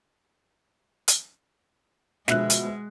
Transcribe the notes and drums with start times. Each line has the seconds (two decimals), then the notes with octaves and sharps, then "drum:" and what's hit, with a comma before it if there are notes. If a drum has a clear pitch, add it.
1.08 drum: hi-hat
2.28 B2 D3 F3 G#3 E5 F#6, drum: snare
2.50 drum: hi-hat